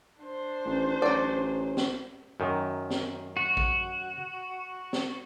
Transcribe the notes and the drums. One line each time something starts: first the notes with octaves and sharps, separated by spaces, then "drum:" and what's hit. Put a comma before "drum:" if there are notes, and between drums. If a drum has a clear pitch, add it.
D4 C5
A1
A1 F#3 D5
drum: snare
F#2 D#3
drum: snare
F#4
drum: kick
drum: snare